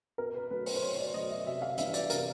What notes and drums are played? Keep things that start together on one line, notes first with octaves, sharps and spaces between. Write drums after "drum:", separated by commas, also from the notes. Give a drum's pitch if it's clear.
B2 A#4
B4
F#3 A3 B4
C5, drum: open hi-hat
C5
B2 C#5
D5
F#3 A3 D#5
E5
C3 E5
F5
E3 G3 B3 D4 E5, drum: hi-hat
D5, drum: hi-hat
C3 A#4, drum: hi-hat